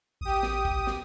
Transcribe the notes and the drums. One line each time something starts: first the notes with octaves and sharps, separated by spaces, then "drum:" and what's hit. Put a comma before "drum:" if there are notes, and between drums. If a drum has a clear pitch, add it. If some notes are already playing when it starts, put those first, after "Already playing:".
A1 G4 D#6
drum: snare
drum: kick
drum: snare